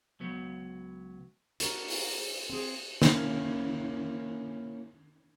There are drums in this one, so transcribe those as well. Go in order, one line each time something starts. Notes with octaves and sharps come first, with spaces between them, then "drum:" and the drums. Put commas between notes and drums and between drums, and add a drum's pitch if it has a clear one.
C#2 F#3 B3
F#4 A4 A#4, drum: hi-hat
drum: open hi-hat
C4 G#4
A#3 C#4 E4 A#4, drum: snare